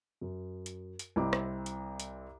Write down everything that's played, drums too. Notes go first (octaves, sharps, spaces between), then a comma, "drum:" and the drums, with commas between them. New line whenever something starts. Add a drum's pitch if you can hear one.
F#2
drum: hi-hat
drum: hi-hat
C2 C4 E4 D#5 D6
drum: rim click
drum: hi-hat
drum: hi-hat